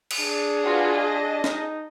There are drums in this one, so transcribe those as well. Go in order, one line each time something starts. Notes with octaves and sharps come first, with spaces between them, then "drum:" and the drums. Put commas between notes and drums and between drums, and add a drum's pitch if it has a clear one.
drum: cymbal
D4 G#4
F4 F#4 B4
D#5 A5
D#4, drum: snare